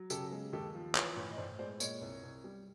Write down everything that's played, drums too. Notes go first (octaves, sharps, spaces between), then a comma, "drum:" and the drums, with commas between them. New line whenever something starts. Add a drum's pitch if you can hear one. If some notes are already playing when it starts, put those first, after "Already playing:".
Already playing: F#3
C#3 G4 A4, drum: tambourine
G#3
D#2 G4 A4
F3
E3 B4 C#5, drum: clap
A2 B4 C#5
D#5
A2 C5 D5
G#3 C5 D5
A#2 C#5 D#5, drum: tambourine
C2
C2
G3